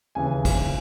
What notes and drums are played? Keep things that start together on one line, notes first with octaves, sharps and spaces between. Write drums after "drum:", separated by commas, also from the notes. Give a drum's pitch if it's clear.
D#2 C#3 E3 G#5
drum: kick, cymbal